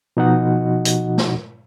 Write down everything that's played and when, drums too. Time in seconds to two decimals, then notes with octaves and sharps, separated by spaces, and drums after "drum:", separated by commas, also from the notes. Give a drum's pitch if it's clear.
0.17 B2 F3 D#4 F#4 D#5 F#5
0.85 drum: hi-hat
1.18 drum: snare